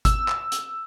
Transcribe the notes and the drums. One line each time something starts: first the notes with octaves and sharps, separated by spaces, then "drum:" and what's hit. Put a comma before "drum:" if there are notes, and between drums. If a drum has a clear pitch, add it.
E6, drum: kick G1, hi-hat
drum: clap
drum: hi-hat